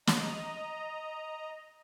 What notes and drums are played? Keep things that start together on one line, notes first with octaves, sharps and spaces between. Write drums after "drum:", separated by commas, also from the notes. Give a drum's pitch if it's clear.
D#5 A#5, drum: snare